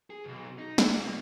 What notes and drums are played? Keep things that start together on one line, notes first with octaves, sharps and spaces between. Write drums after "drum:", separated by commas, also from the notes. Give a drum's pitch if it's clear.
G#4
B1 F#2
D#4
D4 E4, drum: snare
E2 B2